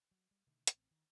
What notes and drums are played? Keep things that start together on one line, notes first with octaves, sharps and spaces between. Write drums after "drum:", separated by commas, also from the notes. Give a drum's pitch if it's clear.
F#3
G3
B2 D3 D#3 A3
A1 C4, drum: hi-hat
D#3